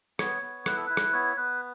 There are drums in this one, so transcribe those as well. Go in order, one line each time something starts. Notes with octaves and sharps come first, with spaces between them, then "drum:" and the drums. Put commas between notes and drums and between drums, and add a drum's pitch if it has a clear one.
B3 C#5, drum: rim click
B3
E4 B4, drum: rim click
A4
E4 B4
drum: rim click
B3 C#5
B3 B4